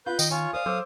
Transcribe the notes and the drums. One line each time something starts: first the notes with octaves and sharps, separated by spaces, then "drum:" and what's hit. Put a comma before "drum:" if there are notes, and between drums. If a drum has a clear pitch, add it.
F4 B4 G6
D#3 D#5 G5, drum: tambourine
F4 C#5 G#5
A#4 C5 D5 F5 D#6
F#3 A4 C5 C#5 D6 E6